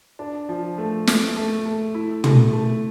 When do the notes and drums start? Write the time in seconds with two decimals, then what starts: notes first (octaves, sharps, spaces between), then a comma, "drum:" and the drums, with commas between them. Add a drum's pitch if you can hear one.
0.19 D4
0.49 F3
0.78 A3
1.07 A3, drum: snare
1.37 A3
1.66 A3
1.95 E4
2.24 A3, drum: tom
2.53 A3